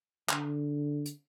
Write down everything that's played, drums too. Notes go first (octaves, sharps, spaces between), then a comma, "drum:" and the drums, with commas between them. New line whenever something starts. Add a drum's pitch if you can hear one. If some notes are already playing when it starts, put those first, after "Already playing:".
D3, drum: clap
drum: hi-hat